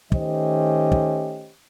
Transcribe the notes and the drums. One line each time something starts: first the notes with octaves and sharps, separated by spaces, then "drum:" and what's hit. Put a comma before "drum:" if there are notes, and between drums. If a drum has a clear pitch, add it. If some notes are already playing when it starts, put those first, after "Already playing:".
D#3 A3 C#4 G4 C5 D#5, drum: kick
drum: kick